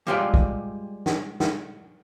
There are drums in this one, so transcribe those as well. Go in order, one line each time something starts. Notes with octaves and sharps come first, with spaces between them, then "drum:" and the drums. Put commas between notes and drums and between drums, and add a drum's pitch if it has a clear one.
G3 G#3 F4 G4 B4 D5
drum: kick
drum: snare
drum: snare